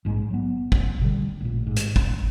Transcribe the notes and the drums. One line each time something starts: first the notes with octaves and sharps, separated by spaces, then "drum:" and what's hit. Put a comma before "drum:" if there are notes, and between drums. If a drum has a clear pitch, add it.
A#1 G#2 G#3
F#3 B3
drum: kick
B2 D3 G3
A1 A#2
G#1 G#2
drum: hi-hat
drum: kick